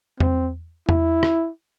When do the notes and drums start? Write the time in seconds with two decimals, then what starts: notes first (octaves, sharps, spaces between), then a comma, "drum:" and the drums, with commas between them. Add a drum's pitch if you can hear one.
0.20 C4, drum: tom E2
0.89 E4, drum: tom E2
1.23 drum: rim click